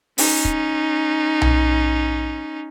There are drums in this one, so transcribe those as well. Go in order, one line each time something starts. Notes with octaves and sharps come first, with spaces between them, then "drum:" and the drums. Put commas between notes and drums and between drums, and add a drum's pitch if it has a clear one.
C#4 D#4, drum: open hi-hat
drum: kick
drum: tom B1